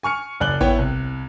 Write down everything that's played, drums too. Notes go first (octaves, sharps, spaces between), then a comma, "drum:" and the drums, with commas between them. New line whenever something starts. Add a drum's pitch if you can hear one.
G#5 C#6 F6 C#7
F#1 D5 F#6 F#7 G7
B3 E4 C#5 G5, drum: kick G#1
C2